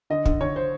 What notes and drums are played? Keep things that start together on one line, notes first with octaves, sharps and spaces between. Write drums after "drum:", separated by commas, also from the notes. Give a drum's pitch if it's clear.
D3 D#5
D3, drum: kick
D3 C#5
C5